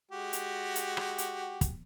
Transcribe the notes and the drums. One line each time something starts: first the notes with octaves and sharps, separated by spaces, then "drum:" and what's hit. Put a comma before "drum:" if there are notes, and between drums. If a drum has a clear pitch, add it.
G#3 F#4 G4
drum: hi-hat
drum: hi-hat
drum: rim click
drum: hi-hat
drum: kick, hi-hat